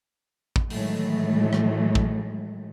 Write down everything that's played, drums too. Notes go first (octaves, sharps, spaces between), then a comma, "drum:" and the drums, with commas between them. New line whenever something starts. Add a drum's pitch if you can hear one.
drum: kick A1
A2 D#3 E3 F#3 G#3 A3, drum: open hi-hat
drum: rim click
drum: kick A1